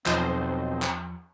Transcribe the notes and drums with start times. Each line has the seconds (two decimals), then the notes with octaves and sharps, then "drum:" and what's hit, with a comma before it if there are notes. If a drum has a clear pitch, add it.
0.06 B1 E2 F3 C4 C5 D#5, drum: clap
0.82 drum: clap